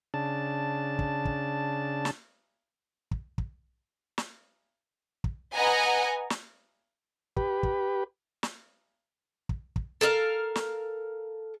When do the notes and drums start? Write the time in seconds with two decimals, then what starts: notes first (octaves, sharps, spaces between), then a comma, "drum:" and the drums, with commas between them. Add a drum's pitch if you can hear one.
0.14 C#3 D4 A5
0.99 drum: kick
1.25 drum: kick
2.05 drum: snare
3.11 drum: kick
3.38 drum: kick
4.18 drum: snare
5.24 drum: kick
5.54 B4 D#5 F#5 G#5 A#5
6.30 drum: snare
7.37 G4 B4, drum: kick
7.63 drum: kick
8.43 drum: snare
9.49 drum: kick
9.76 drum: kick
10.01 A4 A#4 D#5 F5
10.55 drum: snare